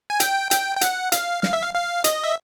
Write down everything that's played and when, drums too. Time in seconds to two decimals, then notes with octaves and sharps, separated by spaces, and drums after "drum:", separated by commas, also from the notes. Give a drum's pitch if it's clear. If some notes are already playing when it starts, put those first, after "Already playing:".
0.10 G#5
0.20 G5, drum: hi-hat
0.51 G5, drum: hi-hat
0.77 G5
0.81 F#5, drum: hi-hat
1.12 F5, drum: hi-hat
1.43 F5, drum: snare
1.53 E5
1.63 F5
1.74 F5
2.04 D#5, drum: hi-hat
2.24 E5